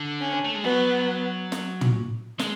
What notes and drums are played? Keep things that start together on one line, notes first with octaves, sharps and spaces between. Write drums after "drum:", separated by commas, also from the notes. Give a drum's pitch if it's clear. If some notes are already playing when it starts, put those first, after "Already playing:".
Already playing: D3
C#4
A3
G#3
F#3 B3
drum: snare
drum: tom
G#3, drum: snare